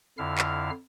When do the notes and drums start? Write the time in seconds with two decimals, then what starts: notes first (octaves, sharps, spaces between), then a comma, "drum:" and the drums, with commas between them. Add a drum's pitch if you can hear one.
0.18 F2 D3 E4 F5 F6
0.38 drum: clap